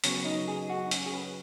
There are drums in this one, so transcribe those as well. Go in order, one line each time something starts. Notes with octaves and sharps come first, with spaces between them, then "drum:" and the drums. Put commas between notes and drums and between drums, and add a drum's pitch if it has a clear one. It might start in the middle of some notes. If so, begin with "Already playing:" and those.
F#2 C#3 F#3 B3 C#4, drum: hi-hat
D#4
G#4
F#4
D#4
C#4, drum: hi-hat
G#4
B4